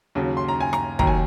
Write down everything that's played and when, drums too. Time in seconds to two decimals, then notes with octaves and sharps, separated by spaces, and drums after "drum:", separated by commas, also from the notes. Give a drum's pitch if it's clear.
0.15 D#2 C#3 F#3
0.37 C6
0.48 A#5
0.61 G#5
0.73 A#5, drum: rim click
0.99 D#2 D#3 F#3 A#5, drum: kick
1.07 G#5